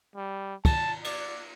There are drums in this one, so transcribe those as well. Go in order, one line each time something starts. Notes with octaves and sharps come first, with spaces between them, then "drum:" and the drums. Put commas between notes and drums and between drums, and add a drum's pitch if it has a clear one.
G3
A5, drum: kick, cymbal
D5, drum: cymbal